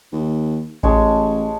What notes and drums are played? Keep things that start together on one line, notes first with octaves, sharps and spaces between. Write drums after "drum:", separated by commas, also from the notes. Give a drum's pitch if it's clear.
D#2
A1 G#3 C#5 A5, drum: kick A1